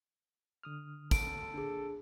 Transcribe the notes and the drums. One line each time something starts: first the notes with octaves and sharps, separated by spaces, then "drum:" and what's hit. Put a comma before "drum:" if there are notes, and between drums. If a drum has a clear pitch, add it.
D3 D#6 F6
A4 D7, drum: kick, tambourine
D4 G#4